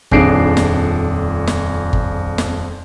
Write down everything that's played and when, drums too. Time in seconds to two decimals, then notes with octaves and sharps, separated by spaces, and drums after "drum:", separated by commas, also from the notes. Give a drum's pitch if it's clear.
0.11 D#1 F2 D4 G#4 C7 D7, drum: kick G1
0.57 drum: snare
1.47 drum: snare
1.93 drum: kick G1
2.38 drum: snare